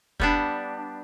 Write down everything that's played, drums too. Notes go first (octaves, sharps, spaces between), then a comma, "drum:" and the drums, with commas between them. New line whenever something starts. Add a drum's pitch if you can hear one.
G3 B3 D4, drum: kick